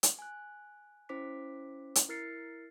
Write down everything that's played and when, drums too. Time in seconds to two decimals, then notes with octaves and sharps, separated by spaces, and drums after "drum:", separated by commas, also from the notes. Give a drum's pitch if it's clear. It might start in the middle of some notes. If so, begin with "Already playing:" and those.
0.03 drum: hi-hat
0.19 G#5 F#6
1.09 C#4 E4 C5 D6 B6
1.95 drum: hi-hat
2.09 E4 A#4 F6 A6 C7 C#7